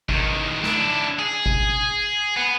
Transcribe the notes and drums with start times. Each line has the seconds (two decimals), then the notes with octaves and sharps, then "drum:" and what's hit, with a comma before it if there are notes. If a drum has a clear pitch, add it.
0.09 E2 D#3, drum: kick G#1
0.63 D4 E4, drum: snare
1.19 G#4
1.46 drum: kick G#1
2.37 B3